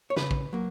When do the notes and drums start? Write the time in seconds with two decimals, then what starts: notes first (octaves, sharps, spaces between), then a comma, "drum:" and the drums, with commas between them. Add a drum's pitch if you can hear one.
0.10 C#5
0.16 C#3 B4, drum: snare
0.31 drum: kick
0.53 F#3 A#3